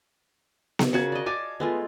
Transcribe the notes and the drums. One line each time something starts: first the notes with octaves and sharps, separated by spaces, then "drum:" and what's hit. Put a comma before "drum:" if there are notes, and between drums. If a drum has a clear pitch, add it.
drum: snare B3
C#3 F#4 A#4 A5 G#6 C#7
D5 D#5
F5 G#5 A5 D6 A6
G#3 A3 B3 F4 G#5